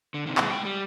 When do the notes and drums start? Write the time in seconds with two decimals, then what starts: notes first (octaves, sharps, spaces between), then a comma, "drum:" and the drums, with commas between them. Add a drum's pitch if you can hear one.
0.14 D3
0.26 C3 D#3
0.38 B1 G#3, drum: clap
0.50 G#3 G5
0.65 G3